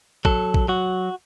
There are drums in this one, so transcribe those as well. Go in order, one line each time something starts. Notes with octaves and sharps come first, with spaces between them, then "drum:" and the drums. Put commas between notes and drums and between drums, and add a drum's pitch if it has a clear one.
F#3 A4, drum: kick
drum: kick
F#3 F#4